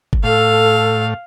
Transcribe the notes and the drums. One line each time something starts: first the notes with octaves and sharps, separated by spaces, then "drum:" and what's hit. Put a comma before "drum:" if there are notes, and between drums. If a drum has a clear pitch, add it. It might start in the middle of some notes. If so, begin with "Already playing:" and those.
drum: kick
A2 A4 F5